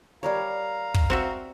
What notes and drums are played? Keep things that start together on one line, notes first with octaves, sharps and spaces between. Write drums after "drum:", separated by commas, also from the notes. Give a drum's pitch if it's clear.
G3 A#4 C#5 F5 A#5
drum: kick
C4 F#4 E5